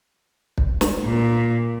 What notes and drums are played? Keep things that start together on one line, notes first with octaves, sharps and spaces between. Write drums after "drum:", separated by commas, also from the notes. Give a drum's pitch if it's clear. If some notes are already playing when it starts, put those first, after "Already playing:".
drum: kick
drum: snare
A#2